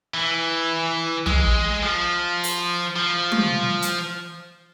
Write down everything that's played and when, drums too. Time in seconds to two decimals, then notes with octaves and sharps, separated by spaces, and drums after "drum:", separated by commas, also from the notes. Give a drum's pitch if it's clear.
0.14 E3
1.26 G#3, drum: tom
1.83 F3
2.44 drum: open hi-hat
2.96 F3
3.32 drum: tom
3.82 drum: hi-hat